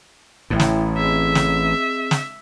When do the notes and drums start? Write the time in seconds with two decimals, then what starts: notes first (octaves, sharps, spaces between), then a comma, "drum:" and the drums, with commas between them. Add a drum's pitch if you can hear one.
0.50 A1 A2 E4 E5 G5
0.60 drum: snare
0.97 C4 G#4 D#5 E5
1.35 drum: snare
2.11 drum: snare